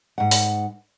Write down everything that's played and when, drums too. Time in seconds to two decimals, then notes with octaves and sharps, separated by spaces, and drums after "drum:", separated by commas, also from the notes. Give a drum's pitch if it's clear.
0.18 G#2 F#5
0.31 drum: open hi-hat